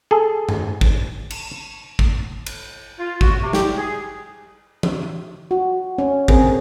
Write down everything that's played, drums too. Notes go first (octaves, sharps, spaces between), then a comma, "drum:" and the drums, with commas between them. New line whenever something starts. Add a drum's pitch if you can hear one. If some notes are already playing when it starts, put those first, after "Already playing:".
G#4 A4
drum: tom G2
drum: kick
drum: cymbal
drum: kick
drum: cymbal
F4
F#4, drum: kick
C3
G4, drum: snare
G#4
drum: tom E3
F#4
C#4
C4 G#4 A#4, drum: kick
D3